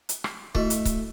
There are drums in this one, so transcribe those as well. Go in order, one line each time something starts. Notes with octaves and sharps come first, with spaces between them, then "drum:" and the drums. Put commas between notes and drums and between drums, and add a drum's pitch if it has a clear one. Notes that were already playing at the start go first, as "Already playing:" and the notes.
drum: hi-hat
drum: rim click
A3 E4 F#4 D#5, drum: kick C#1
drum: hi-hat
drum: kick C#1, hi-hat